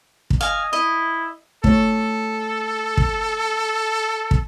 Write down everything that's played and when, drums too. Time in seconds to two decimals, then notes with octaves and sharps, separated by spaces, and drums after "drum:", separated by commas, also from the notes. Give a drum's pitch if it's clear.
0.30 drum: kick
0.41 D#5 F5 G#5
0.73 E4 D#5
1.64 A3 A4 C#5, drum: kick
2.97 drum: kick
4.31 drum: kick